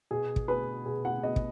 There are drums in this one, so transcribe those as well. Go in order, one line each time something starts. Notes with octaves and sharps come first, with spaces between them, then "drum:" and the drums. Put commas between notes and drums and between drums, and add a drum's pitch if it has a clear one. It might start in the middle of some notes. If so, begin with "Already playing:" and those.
B2 G#4
drum: kick
B3 G#4 B4
B2 G#4
F#5
B3 G#4 D#5
drum: kick